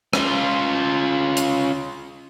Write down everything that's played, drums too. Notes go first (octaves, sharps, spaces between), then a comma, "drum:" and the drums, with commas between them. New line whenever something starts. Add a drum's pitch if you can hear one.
C#4 F4, drum: rim click
drum: hi-hat